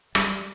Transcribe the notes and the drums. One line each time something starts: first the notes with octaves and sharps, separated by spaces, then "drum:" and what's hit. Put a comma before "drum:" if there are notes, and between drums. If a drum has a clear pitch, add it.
G3, drum: rim click